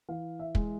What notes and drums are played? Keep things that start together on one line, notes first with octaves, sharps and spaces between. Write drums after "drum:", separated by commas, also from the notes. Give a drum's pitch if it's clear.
E3 F5
E5
G#3, drum: kick